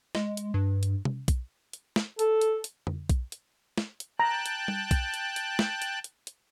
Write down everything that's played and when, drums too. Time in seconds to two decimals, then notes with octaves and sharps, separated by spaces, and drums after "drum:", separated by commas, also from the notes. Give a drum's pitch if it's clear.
0.15 G#3, drum: snare
0.37 drum: hi-hat
0.54 G2
0.83 drum: hi-hat
1.05 drum: tom C3
1.28 drum: kick B1, hi-hat
1.73 drum: hi-hat
1.96 drum: snare
2.19 A4, drum: hi-hat
2.41 drum: hi-hat
2.64 drum: hi-hat
2.87 drum: tom F2
3.10 drum: kick B1, hi-hat
3.32 drum: hi-hat
3.78 drum: snare
4.00 drum: hi-hat
4.20 G5 A5 A#5 F#6
4.46 drum: hi-hat
4.68 drum: tom G3
4.91 drum: kick B1, hi-hat
5.14 drum: hi-hat
5.36 drum: hi-hat
5.59 drum: snare
5.82 drum: hi-hat
6.04 drum: hi-hat
6.27 drum: hi-hat